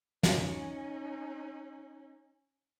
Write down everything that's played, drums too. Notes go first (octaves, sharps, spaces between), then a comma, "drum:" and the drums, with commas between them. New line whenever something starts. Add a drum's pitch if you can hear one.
C#4 D#4, drum: snare